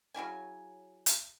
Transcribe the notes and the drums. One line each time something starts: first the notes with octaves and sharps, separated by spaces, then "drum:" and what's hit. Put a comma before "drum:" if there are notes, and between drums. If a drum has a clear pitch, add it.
C#3 F#3 E4 G#5
drum: hi-hat